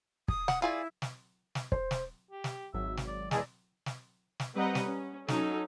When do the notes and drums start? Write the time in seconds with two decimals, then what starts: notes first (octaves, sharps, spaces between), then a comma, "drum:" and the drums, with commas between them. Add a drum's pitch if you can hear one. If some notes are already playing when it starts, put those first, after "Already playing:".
0.28 D#6, drum: kick
0.48 F#5, drum: snare
0.62 E4 F4 G#4 D5
1.02 drum: snare
1.55 drum: snare
1.72 C5, drum: kick
1.91 drum: snare
2.31 G4
2.44 drum: snare
2.74 G#1 F#3 E5
2.97 drum: snare
3.07 D5
3.31 E2 G#3 E4 G#4 D5 A5 A#5, drum: snare
3.86 drum: snare
4.40 drum: snare
4.54 G3 C4 B4 D#5 F#5 A#5
4.75 drum: snare
4.87 C#4
5.28 F#3 C#4 D#4 A4, drum: snare